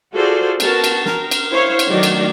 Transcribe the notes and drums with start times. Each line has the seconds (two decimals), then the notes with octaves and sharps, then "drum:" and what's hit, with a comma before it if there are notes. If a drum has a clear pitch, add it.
0.13 F4 F#4 G#4 A4 C5 D5
0.60 B3 F#4 A#4 A5, drum: cymbal
0.84 drum: cymbal
1.06 A#4, drum: snare
1.31 drum: cymbal
1.51 E4 C5 C#5 F5
1.79 drum: cymbal
1.88 D#3 F#3 A3 F#4 D5
2.03 drum: cymbal